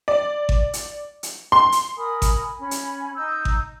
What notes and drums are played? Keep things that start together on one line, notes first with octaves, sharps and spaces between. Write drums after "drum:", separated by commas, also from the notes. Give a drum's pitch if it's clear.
D5
drum: kick G#1
drum: hi-hat
drum: hi-hat
C6
drum: hi-hat
A#4 G#5 B5 D#6
drum: kick G#1, hi-hat
C#4 G#5 B5
drum: hi-hat
D#4 E6 G6
drum: kick G#1